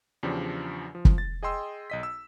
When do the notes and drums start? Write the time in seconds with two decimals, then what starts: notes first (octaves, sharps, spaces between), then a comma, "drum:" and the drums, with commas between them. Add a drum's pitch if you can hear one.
0.23 E2 C#3 F3 D4 G4
0.95 F3
1.05 drum: kick
1.18 A6
1.43 G#4 D#5 G5 C6 E6
1.90 B1 D#5 B6
2.03 E6